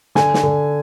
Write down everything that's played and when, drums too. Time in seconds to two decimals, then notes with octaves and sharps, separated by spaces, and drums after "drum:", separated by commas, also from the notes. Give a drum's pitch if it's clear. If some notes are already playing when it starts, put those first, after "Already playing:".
0.15 D3 G#5, drum: snare
0.34 drum: snare
0.43 D3